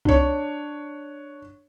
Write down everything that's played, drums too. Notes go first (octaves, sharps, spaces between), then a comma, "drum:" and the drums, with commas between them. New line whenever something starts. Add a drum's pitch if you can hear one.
D4 C#5, drum: kick C2